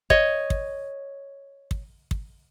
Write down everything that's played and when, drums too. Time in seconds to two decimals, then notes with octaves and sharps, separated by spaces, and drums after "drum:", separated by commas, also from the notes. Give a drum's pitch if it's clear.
0.10 C#5 D#5, drum: kick
0.50 drum: kick
1.71 drum: kick
2.11 drum: kick